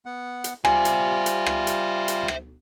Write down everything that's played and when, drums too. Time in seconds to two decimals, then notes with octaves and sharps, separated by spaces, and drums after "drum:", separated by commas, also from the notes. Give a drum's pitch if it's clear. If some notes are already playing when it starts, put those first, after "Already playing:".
0.06 B3 F#5
0.44 drum: hi-hat
0.65 G3 F4 C5 E5 G#5, drum: rim click
0.85 drum: hi-hat
1.26 drum: hi-hat
1.46 drum: rim click
1.67 drum: hi-hat
2.08 drum: hi-hat
2.28 drum: rim click